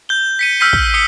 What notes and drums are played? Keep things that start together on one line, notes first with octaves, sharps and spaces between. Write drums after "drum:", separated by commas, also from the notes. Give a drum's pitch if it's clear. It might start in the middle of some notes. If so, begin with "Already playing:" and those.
G6 G7
B6 C#7 D#7
E6 F6 G6 B6 C7 D#7
drum: kick
D#6 C7 C#7 G7